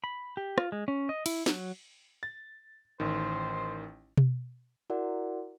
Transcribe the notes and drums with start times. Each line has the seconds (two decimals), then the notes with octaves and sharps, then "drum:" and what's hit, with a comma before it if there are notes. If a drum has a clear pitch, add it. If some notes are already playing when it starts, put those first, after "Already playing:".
0.04 B5
0.37 G4
0.58 F4, drum: rim click
0.72 G#3
0.88 C#4
1.09 D#5
1.26 E4, drum: cymbal
1.46 F#3, drum: snare
2.23 A6
3.00 A1 D#3 C5
4.17 drum: tom B2
4.90 E4 F#4 A#4 D5 F#5